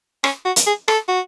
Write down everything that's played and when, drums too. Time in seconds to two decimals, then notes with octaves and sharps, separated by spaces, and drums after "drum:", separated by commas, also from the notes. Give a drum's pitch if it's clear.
0.24 C#4, drum: rim click
0.45 F#4
0.56 drum: hi-hat
0.67 G#4
0.88 A4, drum: rim click
1.09 F#4